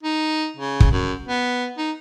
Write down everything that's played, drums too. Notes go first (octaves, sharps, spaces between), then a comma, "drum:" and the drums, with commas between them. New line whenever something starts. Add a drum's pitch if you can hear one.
D#4
C#3
drum: kick
F#2
B3
D#4